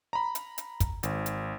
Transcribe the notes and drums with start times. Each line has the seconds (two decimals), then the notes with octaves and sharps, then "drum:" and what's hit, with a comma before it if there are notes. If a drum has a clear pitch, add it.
0.13 A#5 B5
0.35 drum: hi-hat
0.58 drum: hi-hat
0.80 drum: kick, hi-hat
1.03 G#1, drum: hi-hat
1.26 drum: hi-hat